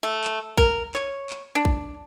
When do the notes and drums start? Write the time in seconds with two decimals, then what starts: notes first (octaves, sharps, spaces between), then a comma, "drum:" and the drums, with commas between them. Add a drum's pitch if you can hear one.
0.03 A3
0.24 drum: clap
0.57 A#4, drum: kick
0.95 C#5, drum: clap
1.30 drum: clap
1.55 D4
1.65 drum: kick